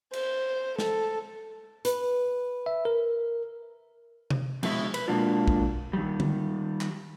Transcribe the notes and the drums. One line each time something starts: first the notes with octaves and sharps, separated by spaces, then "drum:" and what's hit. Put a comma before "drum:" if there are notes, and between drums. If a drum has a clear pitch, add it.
C5, drum: cymbal
A4, drum: snare
B4, drum: hi-hat
E5
A#4
drum: tom C3
F2 B2 G#3 E4, drum: cymbal
B4, drum: cymbal
B2 G#3 A#3 D4 F4
drum: kick
D#3 G3
drum: tom D3
drum: clap